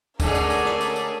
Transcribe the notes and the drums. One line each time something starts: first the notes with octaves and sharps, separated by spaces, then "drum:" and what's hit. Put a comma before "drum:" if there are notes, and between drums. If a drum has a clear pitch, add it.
D3 G#3 A3 C#4 G#4 A#4 D5, drum: kick, tambourine
drum: tambourine
drum: tambourine
drum: snare
drum: tambourine
drum: tambourine